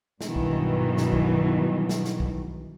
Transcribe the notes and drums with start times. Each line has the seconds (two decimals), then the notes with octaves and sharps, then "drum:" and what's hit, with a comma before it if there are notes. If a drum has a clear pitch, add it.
0.21 G2 B2 D#3 E3 F#3, drum: snare
0.36 drum: kick B1
0.97 drum: snare
1.13 drum: kick B1
1.89 drum: snare
2.05 drum: snare
2.20 drum: kick B1